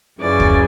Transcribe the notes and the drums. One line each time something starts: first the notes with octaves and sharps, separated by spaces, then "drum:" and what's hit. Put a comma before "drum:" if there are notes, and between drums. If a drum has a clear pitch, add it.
F#2 C#3 E3 D5
drum: kick